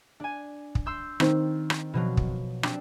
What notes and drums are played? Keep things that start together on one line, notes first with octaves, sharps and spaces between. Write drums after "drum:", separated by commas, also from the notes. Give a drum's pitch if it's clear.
D4 G#5
drum: kick
C6 E6 G6
D#3 C4, drum: rim click
drum: rim click
B2 F3 F#3
drum: kick
C4 D4 G4, drum: rim click